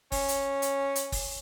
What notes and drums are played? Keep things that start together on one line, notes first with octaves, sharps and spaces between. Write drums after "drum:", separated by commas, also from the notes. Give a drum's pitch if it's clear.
C#4, drum: kick, open hi-hat
drum: hi-hat
drum: hi-hat
drum: hi-hat
drum: kick, open hi-hat